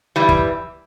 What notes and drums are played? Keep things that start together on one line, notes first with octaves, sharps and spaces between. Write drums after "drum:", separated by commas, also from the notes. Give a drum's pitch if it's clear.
E3 G3
drum: kick